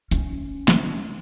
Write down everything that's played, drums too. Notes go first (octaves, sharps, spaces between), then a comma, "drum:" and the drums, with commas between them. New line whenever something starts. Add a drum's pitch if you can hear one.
C#4, drum: hi-hat
drum: snare